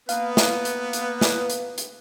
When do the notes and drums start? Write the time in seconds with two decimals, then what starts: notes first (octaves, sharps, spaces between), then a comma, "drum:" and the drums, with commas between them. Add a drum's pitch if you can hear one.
0.09 A#3 B3 B4 F5, drum: hi-hat
0.37 drum: snare
0.65 drum: hi-hat
0.93 drum: hi-hat
1.21 drum: snare
1.50 drum: hi-hat
1.78 drum: hi-hat